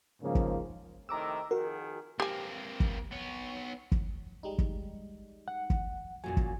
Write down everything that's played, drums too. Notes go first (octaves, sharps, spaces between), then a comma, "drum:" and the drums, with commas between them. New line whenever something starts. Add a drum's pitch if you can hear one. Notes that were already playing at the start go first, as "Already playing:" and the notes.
G#2 C#3 F3 A#3
drum: kick
A2 C3 D#3 A#5 D6 E6
F2 D#3 F#4 G#4 A#4
A#3 C4 G4 G#5
drum: kick
B3 C#5
drum: kick
G3 G#3 D#4
drum: kick
F#5
drum: kick
F#2 A#2 F#3 G#5
drum: kick